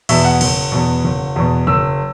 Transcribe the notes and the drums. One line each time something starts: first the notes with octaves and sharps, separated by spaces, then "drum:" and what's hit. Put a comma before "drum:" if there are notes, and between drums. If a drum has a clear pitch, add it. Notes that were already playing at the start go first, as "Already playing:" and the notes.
E2 B2 E5, drum: cymbal
F#5
F#1, drum: cymbal
E2 B2
F#1
E2 B2
F#1 E6